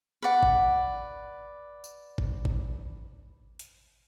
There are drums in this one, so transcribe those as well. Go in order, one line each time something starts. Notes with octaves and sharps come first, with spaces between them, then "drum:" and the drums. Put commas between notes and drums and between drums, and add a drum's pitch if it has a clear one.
B4 D5 F#5
drum: kick G#1
drum: tambourine
drum: kick G#1
drum: kick G#1
drum: hi-hat